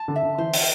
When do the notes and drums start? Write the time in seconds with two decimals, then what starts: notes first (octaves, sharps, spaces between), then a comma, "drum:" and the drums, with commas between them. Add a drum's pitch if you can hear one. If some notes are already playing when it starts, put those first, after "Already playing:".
Already playing: A5
0.08 D3
0.16 E5
0.23 D3
0.38 E3 C5
0.53 drum: open hi-hat